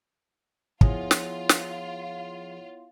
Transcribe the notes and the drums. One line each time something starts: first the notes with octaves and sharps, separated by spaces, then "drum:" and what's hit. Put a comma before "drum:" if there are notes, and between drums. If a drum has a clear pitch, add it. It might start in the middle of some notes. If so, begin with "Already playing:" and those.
F3 B3 E4 F4 G#4 C#5 E5 F#5, drum: kick
drum: snare
drum: snare